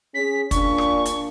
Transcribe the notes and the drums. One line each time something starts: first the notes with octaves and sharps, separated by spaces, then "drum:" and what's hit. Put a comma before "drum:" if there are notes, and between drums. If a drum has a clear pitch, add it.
C#4 G#4 B6
A#2 D4 C#6, drum: kick, hi-hat
drum: rim click
drum: hi-hat